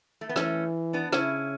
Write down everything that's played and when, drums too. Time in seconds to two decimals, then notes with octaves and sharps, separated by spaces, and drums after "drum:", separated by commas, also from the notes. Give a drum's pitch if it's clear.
0.21 A3
0.29 B3
0.36 E3 A3 C#4, drum: rim click
0.93 B3 D4
1.12 C#3 C#4 E4, drum: rim click